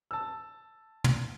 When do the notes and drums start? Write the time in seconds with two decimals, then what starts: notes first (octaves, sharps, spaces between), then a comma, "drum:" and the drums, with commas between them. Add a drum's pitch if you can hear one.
0.11 A5 E6
1.04 drum: tom